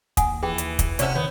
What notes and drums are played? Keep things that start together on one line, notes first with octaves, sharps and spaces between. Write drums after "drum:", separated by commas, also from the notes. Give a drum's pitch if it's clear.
D#2 F#5 G#5 D#6, drum: kick, hi-hat
E3 G#4 G5
drum: hi-hat
drum: kick, hi-hat
C3 C#4 C5 D5 E5 F#5, drum: hi-hat
D#3 B3 C#5